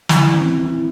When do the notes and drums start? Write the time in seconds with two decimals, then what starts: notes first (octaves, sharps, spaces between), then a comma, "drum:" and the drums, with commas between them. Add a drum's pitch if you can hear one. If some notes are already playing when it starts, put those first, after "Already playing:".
0.09 E3, drum: snare
0.34 C4
0.58 E4